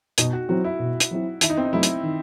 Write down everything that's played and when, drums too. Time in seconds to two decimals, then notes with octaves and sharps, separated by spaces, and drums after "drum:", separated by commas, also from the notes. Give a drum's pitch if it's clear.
0.18 B2 D#4, drum: hi-hat
0.33 F#4
0.49 F#3 C4 E4 F#4
0.64 E4
0.79 B2
1.00 drum: hi-hat
1.11 F#3 C4 E4
1.41 D#3 E4, drum: hi-hat
1.50 D#4
1.58 C4
1.65 D#4
1.73 F#3 A3 E4
1.83 drum: hi-hat
2.03 D#3